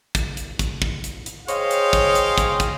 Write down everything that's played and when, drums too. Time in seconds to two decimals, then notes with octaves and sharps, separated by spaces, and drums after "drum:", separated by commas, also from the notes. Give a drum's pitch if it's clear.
0.15 drum: kick, hi-hat
0.37 drum: hi-hat
0.59 drum: kick, hi-hat
0.82 drum: kick
1.04 drum: hi-hat
1.26 drum: hi-hat
1.48 G#4 C5 C#5 D#5 F5 G5, drum: hi-hat
1.71 drum: hi-hat
1.93 drum: kick, hi-hat
2.15 drum: hi-hat
2.38 drum: kick, hi-hat
2.60 drum: kick, hi-hat